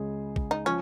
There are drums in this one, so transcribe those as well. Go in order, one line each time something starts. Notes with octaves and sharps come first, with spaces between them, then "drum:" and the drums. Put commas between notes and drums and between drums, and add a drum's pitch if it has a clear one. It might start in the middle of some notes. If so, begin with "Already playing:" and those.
Already playing: C#2 C#3 G#3 G#4
drum: kick
D#4
F3 C#4